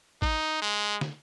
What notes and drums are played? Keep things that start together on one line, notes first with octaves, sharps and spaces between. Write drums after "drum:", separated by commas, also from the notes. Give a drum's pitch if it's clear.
D#4, drum: kick G#1
G#3
drum: snare